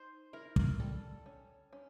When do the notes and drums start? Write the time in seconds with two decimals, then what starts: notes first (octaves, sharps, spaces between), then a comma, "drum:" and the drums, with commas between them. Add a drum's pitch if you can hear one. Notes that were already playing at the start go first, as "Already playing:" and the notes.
Already playing: D#4 C5
0.33 E4 A#4
0.56 drum: kick
0.79 G3 A4
1.26 C#4
1.73 C#4